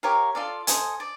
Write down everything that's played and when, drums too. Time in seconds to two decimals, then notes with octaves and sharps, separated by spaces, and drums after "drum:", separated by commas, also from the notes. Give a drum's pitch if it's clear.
0.03 G4 A#4 C#5 F5
0.35 F4 A4 D5 F5
0.67 A4 C5 D#5 G#5, drum: hi-hat
1.00 D5